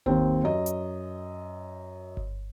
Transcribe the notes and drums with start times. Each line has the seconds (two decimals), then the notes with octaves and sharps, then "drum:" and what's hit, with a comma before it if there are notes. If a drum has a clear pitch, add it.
0.06 D#2 C4, drum: kick G1
0.43 F#2 D#5
0.66 drum: hi-hat
2.17 drum: kick G1